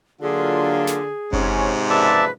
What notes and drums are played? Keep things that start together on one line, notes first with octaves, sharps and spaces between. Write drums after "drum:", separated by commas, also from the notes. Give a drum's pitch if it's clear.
D3 F#3 A#3 F4 G#4
drum: snare
G#2 C3 C#4, drum: kick F#1
F#2 C#3 F3 B4 D5 E5 A5